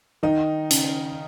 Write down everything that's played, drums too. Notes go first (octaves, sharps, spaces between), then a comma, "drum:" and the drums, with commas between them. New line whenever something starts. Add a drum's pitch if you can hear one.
D#3 D#4
C#3, drum: hi-hat